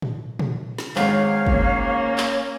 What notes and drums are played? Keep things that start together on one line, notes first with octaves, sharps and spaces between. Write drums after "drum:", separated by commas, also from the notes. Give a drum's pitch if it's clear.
drum: tom
drum: tom
drum: snare
G#1 G#2 C#5 F5, drum: clap
A#3 C#4, drum: kick
drum: clap